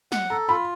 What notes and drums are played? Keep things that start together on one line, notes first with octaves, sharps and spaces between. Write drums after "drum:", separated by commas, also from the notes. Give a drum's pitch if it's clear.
F#5, drum: snare
A4 A#5
F4 B5